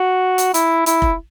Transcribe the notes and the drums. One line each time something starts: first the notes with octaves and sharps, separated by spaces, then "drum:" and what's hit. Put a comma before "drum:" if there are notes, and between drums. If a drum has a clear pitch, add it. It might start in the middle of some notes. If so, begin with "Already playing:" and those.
Already playing: F#4
drum: hi-hat
E4, drum: hi-hat
E4, drum: hi-hat
drum: kick F1